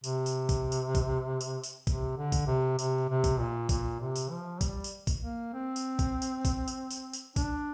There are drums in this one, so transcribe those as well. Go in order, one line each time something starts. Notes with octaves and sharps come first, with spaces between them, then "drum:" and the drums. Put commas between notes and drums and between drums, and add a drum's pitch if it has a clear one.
C3, drum: tambourine
drum: tambourine
drum: kick A#1, tambourine
drum: tambourine
drum: kick A#1, tambourine
drum: tambourine
drum: tambourine
C3, drum: kick A#1, tambourine
D3
drum: kick A#1, tambourine
C3
C3, drum: tambourine
C3
drum: kick A#1, tambourine
A#2
A#2, drum: kick A#1, tambourine
C3
drum: tambourine
F3
G3, drum: kick A#1, tambourine
drum: tambourine
drum: kick A#1, tambourine
A#3
C4
drum: tambourine
drum: kick A#1, tambourine
drum: tambourine
drum: kick A#1, tambourine
drum: tambourine
drum: tambourine
drum: tambourine
D4, drum: kick A#1, tambourine